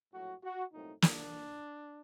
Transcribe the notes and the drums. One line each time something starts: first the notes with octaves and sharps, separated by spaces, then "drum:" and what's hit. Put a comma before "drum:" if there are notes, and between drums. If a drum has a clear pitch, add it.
A#1 A2 F#3 F#4
F#4
C2 A#2 F#3 A3 C4 D#4
D4, drum: snare